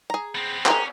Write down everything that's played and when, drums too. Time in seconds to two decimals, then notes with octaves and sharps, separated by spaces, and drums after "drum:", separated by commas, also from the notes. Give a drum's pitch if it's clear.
0.10 G#4 A#5
0.35 B3 C4
0.66 C#4 G#4 A#4 G5, drum: clap